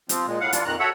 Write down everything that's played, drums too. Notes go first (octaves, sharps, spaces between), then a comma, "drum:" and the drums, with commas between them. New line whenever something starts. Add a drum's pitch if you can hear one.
F3 C4, drum: hi-hat
A#2 G#3
A2 F5 F#5
E3 D4 F4, drum: hi-hat
F2 A#2 D#3 A#5 F#6
F#4 A4 C#5 E5 F#5